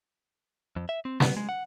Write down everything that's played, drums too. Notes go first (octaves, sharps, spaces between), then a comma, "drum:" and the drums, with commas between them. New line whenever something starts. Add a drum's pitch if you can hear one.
F2
E5
C4
B3, drum: snare
G#3
F#5